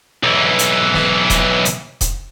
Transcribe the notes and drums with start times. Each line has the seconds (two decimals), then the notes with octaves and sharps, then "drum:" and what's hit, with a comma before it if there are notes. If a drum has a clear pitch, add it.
0.23 B1 E3
0.59 drum: hi-hat
0.94 drum: snare
1.30 drum: kick D#1, hi-hat
1.65 drum: hi-hat
2.01 drum: kick D#1, hi-hat